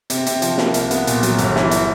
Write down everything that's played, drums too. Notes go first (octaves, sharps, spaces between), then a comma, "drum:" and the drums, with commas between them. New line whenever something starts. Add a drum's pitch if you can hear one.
C3, drum: hi-hat
C3, drum: hi-hat
F3, drum: hi-hat
A#3, drum: snare
C2, drum: hi-hat
B3, drum: hi-hat
A#2, drum: hi-hat
F#3, drum: hi-hat
G1, drum: hi-hat
E3, drum: snare
drum: hi-hat